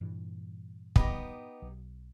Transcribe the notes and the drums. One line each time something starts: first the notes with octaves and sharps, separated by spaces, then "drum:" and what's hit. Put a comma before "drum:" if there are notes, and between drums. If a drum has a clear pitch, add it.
G2 A#2 E3
B3 D#4 G4, drum: kick
B1